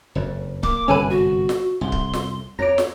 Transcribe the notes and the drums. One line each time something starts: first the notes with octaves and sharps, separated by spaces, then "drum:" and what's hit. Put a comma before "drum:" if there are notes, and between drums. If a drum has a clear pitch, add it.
F#1 F2
A#3 D6, drum: kick C#1
G1 C2 F#2 C#4 A4 B4 G#5
F#4
drum: snare
C2 F2 C6
drum: kick C#1
drum: snare
F2 C#5 A#5 D6
drum: snare